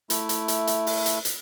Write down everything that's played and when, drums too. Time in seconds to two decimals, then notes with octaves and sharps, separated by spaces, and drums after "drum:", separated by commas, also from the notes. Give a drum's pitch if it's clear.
0.10 A3 E4, drum: hi-hat
0.29 drum: hi-hat
0.48 drum: hi-hat
0.67 drum: hi-hat
0.87 drum: open hi-hat
1.06 drum: hi-hat
1.25 drum: hi-hat